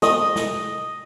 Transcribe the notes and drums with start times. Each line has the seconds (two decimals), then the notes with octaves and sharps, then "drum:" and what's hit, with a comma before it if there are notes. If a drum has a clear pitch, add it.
0.02 D#5 D#6, drum: snare
0.36 drum: snare